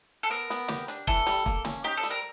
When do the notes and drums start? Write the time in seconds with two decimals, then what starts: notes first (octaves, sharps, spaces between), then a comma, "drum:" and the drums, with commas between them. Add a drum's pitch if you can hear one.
0.23 A4
0.30 B3 A#4
0.50 B3, drum: hi-hat
0.68 G4, drum: snare
0.88 D4, drum: hi-hat
1.07 E3 A4, drum: kick
1.27 G3, drum: hi-hat
1.46 A#3, drum: kick
1.65 C#4, drum: snare
1.84 D#4 G4
1.97 A4
2.03 G3, drum: hi-hat
2.10 A#4